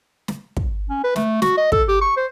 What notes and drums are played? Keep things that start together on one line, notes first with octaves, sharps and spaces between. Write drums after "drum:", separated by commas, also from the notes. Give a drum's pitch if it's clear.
drum: snare
drum: kick
C#4
B4
A3, drum: snare
F#4, drum: snare
D#5
A4, drum: kick
G4
C#6
C5